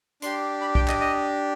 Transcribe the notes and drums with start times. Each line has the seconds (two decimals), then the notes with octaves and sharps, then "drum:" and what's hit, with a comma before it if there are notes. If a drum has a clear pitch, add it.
0.22 D4 G4 C6, drum: hi-hat
0.61 B5
0.75 G5, drum: kick
0.88 D#5, drum: clap
1.00 D#5